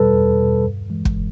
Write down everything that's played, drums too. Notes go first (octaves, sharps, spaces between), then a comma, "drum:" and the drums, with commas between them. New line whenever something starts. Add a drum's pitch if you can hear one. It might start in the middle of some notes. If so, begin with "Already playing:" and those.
Already playing: E2 B2 G3 A4 B4
E2
B2 G3
G2
E3 G#3
drum: kick